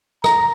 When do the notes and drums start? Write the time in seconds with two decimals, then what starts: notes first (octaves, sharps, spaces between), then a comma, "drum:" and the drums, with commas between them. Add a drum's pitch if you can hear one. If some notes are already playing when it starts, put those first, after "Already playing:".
0.24 A#5, drum: rim click